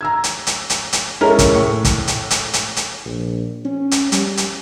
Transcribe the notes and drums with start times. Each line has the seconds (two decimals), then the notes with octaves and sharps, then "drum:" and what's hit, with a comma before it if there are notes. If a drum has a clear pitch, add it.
0.01 A#5 E6 G#6
0.24 drum: hi-hat
0.47 drum: hi-hat
0.70 drum: hi-hat
0.93 drum: hi-hat
1.21 G#3 C#4 E4 A4 A#4 E5
1.39 drum: kick, hi-hat
1.55 A2 C#6
1.85 drum: kick, hi-hat
2.08 drum: hi-hat
2.31 drum: hi-hat
2.54 drum: hi-hat
2.76 drum: hi-hat
3.06 A#1
3.65 C#4
3.91 drum: hi-hat
4.12 G3, drum: hi-hat
4.37 drum: hi-hat